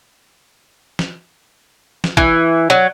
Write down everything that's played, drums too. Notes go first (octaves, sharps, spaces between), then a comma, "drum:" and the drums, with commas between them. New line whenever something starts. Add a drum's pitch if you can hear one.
drum: snare
drum: snare
E3, drum: kick
F#3